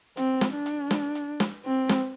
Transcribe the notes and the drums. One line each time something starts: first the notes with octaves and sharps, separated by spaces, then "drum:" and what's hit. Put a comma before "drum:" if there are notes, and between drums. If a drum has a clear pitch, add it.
C4, drum: hi-hat
drum: snare
D4
drum: hi-hat
drum: snare
drum: hi-hat
drum: snare
C4
drum: snare